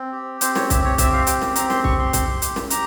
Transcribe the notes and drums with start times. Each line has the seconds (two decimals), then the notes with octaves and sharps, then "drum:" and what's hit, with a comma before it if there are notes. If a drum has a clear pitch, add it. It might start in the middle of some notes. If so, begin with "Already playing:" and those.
Already playing: C4
0.12 G4
0.41 C4 C5, drum: hi-hat
0.55 C#5, drum: snare
0.70 G4 E5, drum: kick C2, hi-hat
0.84 C#5
0.98 C4 E5, drum: kick C2, hi-hat
1.13 F5
1.27 G4 G5, drum: hi-hat
1.42 drum: snare
1.56 C4 A#5, drum: hi-hat
1.70 C6, drum: snare
1.84 G4 C#6, drum: kick C2
1.99 C6
2.13 G4, drum: kick C2, hi-hat
2.42 G4, drum: hi-hat
2.56 drum: snare
2.70 G4 A#5, drum: hi-hat